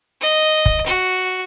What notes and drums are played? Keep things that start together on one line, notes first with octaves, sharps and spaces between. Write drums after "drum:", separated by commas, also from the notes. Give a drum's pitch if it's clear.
D#5
drum: kick
F#4